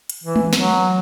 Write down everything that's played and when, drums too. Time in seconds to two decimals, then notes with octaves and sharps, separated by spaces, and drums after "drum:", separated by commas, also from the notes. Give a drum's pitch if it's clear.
0.10 drum: hi-hat
0.24 E3
0.36 drum: tom G#3
0.53 F#3, drum: snare